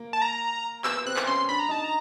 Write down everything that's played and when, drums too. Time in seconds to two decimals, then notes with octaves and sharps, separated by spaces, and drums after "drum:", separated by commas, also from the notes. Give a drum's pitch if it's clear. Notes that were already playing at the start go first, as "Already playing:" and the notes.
Already playing: A#3
0.13 A5
0.22 A#5
0.84 B3 E6, drum: clap
1.06 C4 F#6
1.16 drum: clap
1.27 C#4 C6
1.48 D4 B5
1.59 A#5
1.69 D#4 A5
1.84 A#5